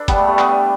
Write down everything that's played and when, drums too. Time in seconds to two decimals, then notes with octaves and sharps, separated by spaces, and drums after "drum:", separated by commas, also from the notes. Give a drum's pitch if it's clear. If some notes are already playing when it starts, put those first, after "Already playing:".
Already playing: D4 A4 B4
0.08 G3 B3, drum: kick G1, hi-hat
0.18 A3
0.27 G3 B3
0.39 B3, drum: clap
0.49 G3